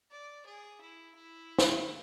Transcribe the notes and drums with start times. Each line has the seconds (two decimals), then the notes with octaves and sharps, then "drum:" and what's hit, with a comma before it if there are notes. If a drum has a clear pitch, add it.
0.11 D5
0.46 G#4
0.81 E4
1.16 E4
1.59 drum: snare